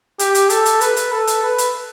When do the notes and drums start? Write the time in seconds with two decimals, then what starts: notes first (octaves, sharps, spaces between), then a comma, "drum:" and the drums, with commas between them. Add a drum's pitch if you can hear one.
0.19 G4, drum: hi-hat
0.35 drum: hi-hat
0.50 A4, drum: hi-hat
0.66 drum: hi-hat
0.81 B4, drum: hi-hat
0.96 drum: hi-hat
1.12 A4
1.27 drum: hi-hat
1.43 B4
1.58 drum: hi-hat